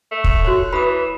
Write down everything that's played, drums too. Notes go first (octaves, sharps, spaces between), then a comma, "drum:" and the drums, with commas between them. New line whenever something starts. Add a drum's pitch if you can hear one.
A3
drum: kick
F#4 C5 C#5
E3 B5 D#6